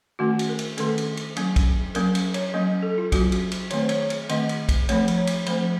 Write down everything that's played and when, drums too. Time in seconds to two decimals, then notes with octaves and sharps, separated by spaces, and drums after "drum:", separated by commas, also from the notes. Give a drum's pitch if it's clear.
0.19 D#3 A3 C#4 F#4
0.39 drum: cymbal
0.49 A#4
0.59 drum: cymbal
0.78 D#3 A3 C#4 A4, drum: cymbal
0.98 drum: cymbal
1.17 drum: cymbal
1.36 F#3 A#3 C#4, drum: cymbal
1.56 drum: kick, cymbal
1.95 F#3 A#3 C#4 A#4, drum: cymbal
2.15 drum: cymbal
2.34 C#5, drum: cymbal
2.54 F#3 A#3 C#4 D#5
2.83 A4
2.98 F4
3.12 F#3 A#3 C#4 F#4, drum: kick, cymbal
3.32 drum: cymbal
3.51 drum: cymbal
3.70 D#3 A3 C4 C#5, drum: cymbal
3.80 C5
3.89 C#5, drum: cymbal
4.01 C#5
4.10 drum: cymbal
4.29 D#3 A3 C4 D#5, drum: cymbal
4.49 drum: cymbal
4.69 drum: kick, cymbal
4.89 F3 A3 C4 C#5, drum: cymbal
5.08 drum: cymbal
5.18 C#5
5.27 drum: cymbal
5.46 F3 A3 C4 C5, drum: cymbal